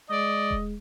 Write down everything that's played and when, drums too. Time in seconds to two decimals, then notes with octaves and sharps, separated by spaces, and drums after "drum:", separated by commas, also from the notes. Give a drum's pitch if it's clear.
0.10 G#3 D5 D#5
0.51 drum: kick E1